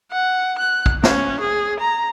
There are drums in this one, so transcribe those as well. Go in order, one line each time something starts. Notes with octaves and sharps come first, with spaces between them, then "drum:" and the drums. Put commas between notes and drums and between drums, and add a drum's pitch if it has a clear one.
F#5
F#6
drum: kick
C#4, drum: snare
G#4
A#5